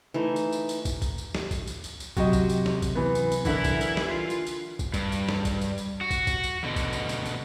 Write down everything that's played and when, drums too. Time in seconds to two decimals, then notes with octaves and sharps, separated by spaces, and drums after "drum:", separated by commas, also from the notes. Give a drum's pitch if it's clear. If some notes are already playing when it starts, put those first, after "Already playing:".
0.14 E3 A3 D#4
0.36 drum: tambourine
0.52 drum: tambourine
0.69 drum: tambourine
0.85 drum: kick, tambourine
1.02 drum: kick, tambourine
1.18 drum: tambourine
1.35 drum: snare
1.51 drum: kick, tambourine
1.67 drum: tambourine
1.84 drum: tambourine
2.00 drum: tambourine
2.17 C3 F#3 F#4 G4 D#5, drum: kick, tambourine
2.33 drum: kick, tambourine
2.49 drum: tambourine
2.66 drum: snare
2.82 drum: kick, tambourine
2.95 E3 B3
3.15 drum: tambourine
3.32 drum: tambourine
3.45 D3 E3 E4 A#4, drum: kick, tambourine
3.64 drum: kick, tambourine
3.81 drum: tambourine
3.97 drum: snare
4.08 F4
4.30 drum: tambourine
4.46 drum: tambourine
4.79 drum: kick, tambourine
4.94 G2, drum: kick, tambourine
5.12 drum: tambourine
5.29 drum: snare
5.45 drum: kick, tambourine
5.61 drum: tambourine
5.78 drum: tambourine
6.01 F#4
6.11 drum: kick, tambourine
6.27 drum: kick, tambourine
6.43 drum: tambourine
6.64 B2 D3
6.76 drum: kick, tambourine
6.93 drum: tambourine
7.09 drum: tambourine
7.26 drum: tambourine